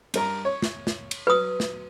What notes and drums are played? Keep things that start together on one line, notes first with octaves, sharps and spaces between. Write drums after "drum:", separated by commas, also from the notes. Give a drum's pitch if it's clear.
G2 A#4 A#5, drum: cymbal
C#5
drum: snare
drum: snare
drum: cymbal
F#3 B4 D#6
drum: snare